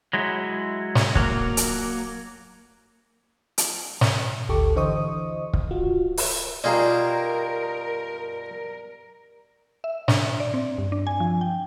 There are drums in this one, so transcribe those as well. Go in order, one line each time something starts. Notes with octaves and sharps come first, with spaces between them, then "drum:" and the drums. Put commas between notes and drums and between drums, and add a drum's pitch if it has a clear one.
F#3 G#3 E4
drum: snare
F#3 A#3, drum: kick
drum: hi-hat
drum: hi-hat
drum: snare
G#1 D2 G4 A4 C#6 D6
D3 E3 C5 D#5 C#6 D#6
drum: kick
F4 F#4
drum: open hi-hat
B2 G3 D#4 F4 G#4 A#4 D5 A#5
E5
D4, drum: snare
D5
C4
G2
D4
G#5
F3
G5